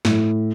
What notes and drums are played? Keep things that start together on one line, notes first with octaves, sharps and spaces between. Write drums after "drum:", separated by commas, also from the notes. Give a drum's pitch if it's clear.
A2, drum: snare